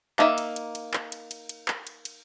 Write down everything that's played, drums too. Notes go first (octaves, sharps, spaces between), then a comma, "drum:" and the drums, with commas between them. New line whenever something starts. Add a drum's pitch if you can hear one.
A#3 D#4 E5, drum: clap
drum: cymbal
drum: cymbal
drum: cymbal
drum: clap
drum: cymbal
drum: cymbal
drum: cymbal
drum: clap
drum: cymbal
drum: cymbal